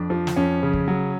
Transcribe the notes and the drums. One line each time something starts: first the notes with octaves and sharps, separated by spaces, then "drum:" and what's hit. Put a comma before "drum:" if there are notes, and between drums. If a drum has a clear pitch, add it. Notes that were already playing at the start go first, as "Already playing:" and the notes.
Already playing: F2 D4
F3
drum: snare
F2 C#4
C#3
drum: kick
F#3